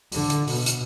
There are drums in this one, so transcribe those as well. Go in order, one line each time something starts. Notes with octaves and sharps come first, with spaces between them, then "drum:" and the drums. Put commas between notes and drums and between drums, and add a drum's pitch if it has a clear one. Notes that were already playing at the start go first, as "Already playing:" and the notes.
D3, drum: open hi-hat
drum: hi-hat
B2, drum: open hi-hat
drum: hi-hat